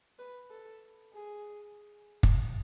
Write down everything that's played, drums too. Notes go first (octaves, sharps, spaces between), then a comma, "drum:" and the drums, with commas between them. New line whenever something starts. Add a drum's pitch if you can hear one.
B4
A4
G#4
drum: kick